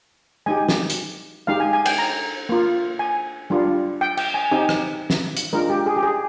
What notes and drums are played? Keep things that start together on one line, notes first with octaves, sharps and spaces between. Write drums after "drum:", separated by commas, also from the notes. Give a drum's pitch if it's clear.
G#3 D#4 G4 G#5
drum: snare
drum: hi-hat
G#3 D#4 G4 F5
G#5
G#5
G5, drum: cymbal
A#5
A#3 F4
G#5
G3 D4 F4
G5
G5, drum: cymbal
G#5
C4 D#4 G4 G#5
drum: rim click
drum: snare
drum: hi-hat
G#3 D4 F4 A#4
G4
G#4
G4
G#4